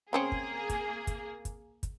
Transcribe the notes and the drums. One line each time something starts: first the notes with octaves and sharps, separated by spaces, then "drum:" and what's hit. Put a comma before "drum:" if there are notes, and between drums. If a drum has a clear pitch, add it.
C#3 A#3 C4 C#4 G#4
drum: kick
drum: kick, hi-hat
drum: kick, hi-hat
drum: kick, hi-hat
drum: kick, hi-hat